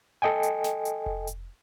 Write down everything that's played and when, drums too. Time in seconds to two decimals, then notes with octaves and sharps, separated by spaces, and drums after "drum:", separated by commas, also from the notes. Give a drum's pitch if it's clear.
0.22 A4 D#5 G5 G#5
0.43 drum: hi-hat
0.64 drum: snare
0.85 drum: hi-hat
1.06 drum: kick F1
1.27 drum: hi-hat